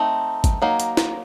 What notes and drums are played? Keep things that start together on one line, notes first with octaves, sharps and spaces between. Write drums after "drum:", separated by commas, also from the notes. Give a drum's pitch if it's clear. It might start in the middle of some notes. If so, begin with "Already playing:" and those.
Already playing: A3 C4 D#4
drum: kick, hi-hat
F#3 A#3 D#4
drum: hi-hat
drum: snare